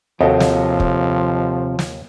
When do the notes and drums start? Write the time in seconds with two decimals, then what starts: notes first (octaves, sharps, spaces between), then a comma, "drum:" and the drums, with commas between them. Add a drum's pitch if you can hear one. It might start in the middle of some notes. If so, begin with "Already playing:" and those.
0.21 D#2 C3 F3 F#4 A4 D#5
0.40 drum: snare
0.80 drum: kick
1.79 drum: snare